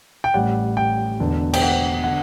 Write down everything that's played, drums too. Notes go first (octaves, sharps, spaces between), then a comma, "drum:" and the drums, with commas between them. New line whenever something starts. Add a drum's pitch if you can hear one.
G5
A1 A2 G3 F#5
G5
E1 E2 D3
G5, drum: cymbal
F#5
D3 F#5